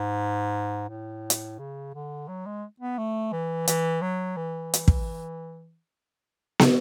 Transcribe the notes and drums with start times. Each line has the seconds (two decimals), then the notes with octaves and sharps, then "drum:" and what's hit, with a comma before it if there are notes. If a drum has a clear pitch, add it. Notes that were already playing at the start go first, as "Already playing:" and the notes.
Already playing: G#2
0.89 A2
1.30 drum: hi-hat
1.59 C#3
1.94 D3
2.28 F#3
2.46 G#3
2.80 B3
2.98 A3
3.32 E3
3.68 E3, drum: hi-hat
4.02 F#3
4.37 E3
4.74 drum: hi-hat
4.88 drum: kick
6.59 drum: snare